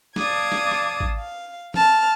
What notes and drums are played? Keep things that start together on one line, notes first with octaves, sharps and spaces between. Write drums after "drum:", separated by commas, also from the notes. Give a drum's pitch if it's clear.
D5 F5 A5 D6 D#6 G#6, drum: snare
drum: snare
drum: rim click
drum: kick G#1
F5
A5 F6, drum: tom